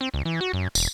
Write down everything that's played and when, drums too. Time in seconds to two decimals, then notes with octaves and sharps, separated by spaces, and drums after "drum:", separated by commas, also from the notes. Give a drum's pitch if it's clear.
0.01 C4
0.14 C#2
0.25 E3
0.41 F#4
0.53 F#2
0.75 E1, drum: tambourine